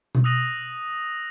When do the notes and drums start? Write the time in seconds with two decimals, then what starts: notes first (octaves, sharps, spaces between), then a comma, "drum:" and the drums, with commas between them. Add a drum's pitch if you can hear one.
0.15 drum: tom B2
0.24 D#6 E6 F#6 A#6 D#7 F#7